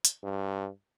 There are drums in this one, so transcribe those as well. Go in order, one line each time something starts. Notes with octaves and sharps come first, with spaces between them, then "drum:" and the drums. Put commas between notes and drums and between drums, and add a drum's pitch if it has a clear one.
drum: hi-hat
G2